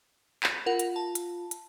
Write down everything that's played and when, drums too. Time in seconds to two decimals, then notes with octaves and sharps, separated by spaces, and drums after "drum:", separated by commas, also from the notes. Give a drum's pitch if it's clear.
0.43 B5, drum: clap
0.66 F4 A#4 F#5
0.79 drum: hi-hat
0.96 A5
1.15 drum: hi-hat
1.51 drum: hi-hat